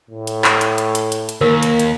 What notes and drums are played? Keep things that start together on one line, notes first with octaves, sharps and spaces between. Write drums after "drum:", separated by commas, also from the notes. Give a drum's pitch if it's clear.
A2
drum: hi-hat
drum: clap
drum: hi-hat
drum: hi-hat
drum: hi-hat
drum: hi-hat
drum: hi-hat
D#2 A#4
drum: hi-hat
drum: hi-hat